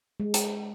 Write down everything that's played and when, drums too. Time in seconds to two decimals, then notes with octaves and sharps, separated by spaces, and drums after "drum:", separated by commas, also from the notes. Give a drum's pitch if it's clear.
0.20 G#3
0.34 drum: hi-hat